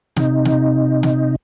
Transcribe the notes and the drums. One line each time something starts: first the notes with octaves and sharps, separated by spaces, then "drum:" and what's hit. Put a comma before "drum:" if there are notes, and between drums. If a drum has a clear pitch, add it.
C3 D#4, drum: snare
drum: snare
drum: snare